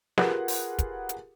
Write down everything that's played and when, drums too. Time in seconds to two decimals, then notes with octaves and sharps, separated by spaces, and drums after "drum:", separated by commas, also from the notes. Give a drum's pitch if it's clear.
0.18 F4 G4 G#4 A#4 B4 F#5, drum: snare
0.48 drum: open hi-hat
0.79 drum: kick, hi-hat
1.09 drum: hi-hat